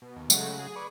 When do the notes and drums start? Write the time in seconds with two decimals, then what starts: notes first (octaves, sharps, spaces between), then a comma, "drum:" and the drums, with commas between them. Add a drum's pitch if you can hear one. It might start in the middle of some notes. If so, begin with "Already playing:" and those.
0.02 B2
0.16 D#2
0.30 C#3 F#3 G#3 A3 F#4, drum: tambourine
0.59 G#4
0.76 B4 D5 C#6